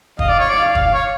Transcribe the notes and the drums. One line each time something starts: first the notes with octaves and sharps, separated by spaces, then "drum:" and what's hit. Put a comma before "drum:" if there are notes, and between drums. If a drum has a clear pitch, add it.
D#5 F5, drum: kick
D5
C#5
D5
F5
drum: kick
C#5